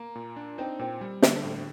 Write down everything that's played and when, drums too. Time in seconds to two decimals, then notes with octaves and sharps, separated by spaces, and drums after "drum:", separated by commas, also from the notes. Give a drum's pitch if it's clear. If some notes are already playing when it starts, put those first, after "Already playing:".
Already playing: A#3
0.15 A#2
0.36 D4
0.58 C4 D#4
0.79 A#2 C4
1.01 G3
1.22 D3, drum: snare
1.44 A2